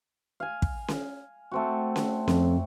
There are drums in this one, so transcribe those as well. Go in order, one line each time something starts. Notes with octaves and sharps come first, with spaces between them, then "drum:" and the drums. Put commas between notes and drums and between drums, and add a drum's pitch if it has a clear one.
F5 G#5
drum: kick
drum: snare C#4
A3 C4 F#4
drum: snare C#4
F2, drum: snare C#4